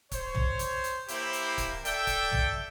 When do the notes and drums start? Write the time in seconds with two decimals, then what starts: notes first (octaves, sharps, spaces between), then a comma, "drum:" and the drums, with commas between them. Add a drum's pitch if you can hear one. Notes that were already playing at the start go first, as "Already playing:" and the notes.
0.12 C5 C#5, drum: kick C#1, hi-hat
0.35 drum: tom
0.59 drum: hi-hat
0.84 drum: hi-hat
1.08 E3 A#3 E4 G4 C5, drum: hi-hat
1.33 drum: hi-hat
1.58 drum: kick C#1, hi-hat
1.85 A4 D5 E5 G5, drum: hi-hat
2.07 drum: kick C#1, hi-hat
2.32 drum: tom